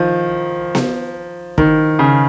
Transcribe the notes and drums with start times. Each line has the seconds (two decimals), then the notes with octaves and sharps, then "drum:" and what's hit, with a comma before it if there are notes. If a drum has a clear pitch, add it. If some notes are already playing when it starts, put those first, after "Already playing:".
Already playing: D#3 F3
0.75 drum: snare B3
1.58 D#3, drum: kick
1.99 C#3